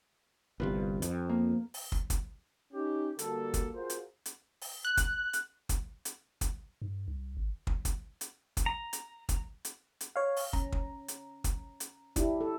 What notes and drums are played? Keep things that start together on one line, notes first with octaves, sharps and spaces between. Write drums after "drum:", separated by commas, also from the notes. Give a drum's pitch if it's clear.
G1 C2 G2 F4 B4
F2, drum: hi-hat
A#3
drum: open hi-hat
drum: kick
drum: kick, hi-hat
C#4 D#4 G4
D3 G3 A#3 F#4 A4, drum: hi-hat
drum: kick, hi-hat
F4 F#4 G#4 A#4 C5
drum: hi-hat
drum: hi-hat
drum: open hi-hat
F#6
drum: kick, hi-hat
drum: hi-hat
drum: kick, hi-hat
drum: hi-hat
drum: kick, hi-hat
G2
C2
G#1
drum: kick
drum: kick, hi-hat
drum: hi-hat
drum: kick, hi-hat
A#5
drum: hi-hat
drum: kick, hi-hat
drum: hi-hat
drum: hi-hat
C#5 F5
drum: open hi-hat
C#4 A#5, drum: kick
drum: kick
drum: hi-hat
drum: kick, hi-hat
drum: hi-hat
D4 E4 G4, drum: kick, hi-hat
A4